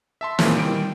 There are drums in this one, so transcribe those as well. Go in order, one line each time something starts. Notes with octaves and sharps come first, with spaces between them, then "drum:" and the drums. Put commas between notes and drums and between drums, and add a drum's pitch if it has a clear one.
E5 A5 C6
A#2 C#3 E3 F3 A#3 C4, drum: snare
D#3 G3 G5 D7